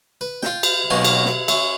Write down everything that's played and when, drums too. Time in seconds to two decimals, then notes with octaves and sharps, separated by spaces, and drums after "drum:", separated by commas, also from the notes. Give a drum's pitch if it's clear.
0.21 B4
0.43 F4 G5, drum: snare
0.63 drum: cymbal
0.90 B1 D#3 A#3 B3 C#4 C6
1.04 drum: cymbal
1.25 drum: snare
1.48 C#4 E5, drum: cymbal